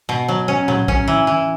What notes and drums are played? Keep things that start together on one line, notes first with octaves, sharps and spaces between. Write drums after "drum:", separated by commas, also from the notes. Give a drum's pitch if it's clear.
B2
F#3
C#4
F#3, drum: tom A2
C#4, drum: kick A#1
E3
E3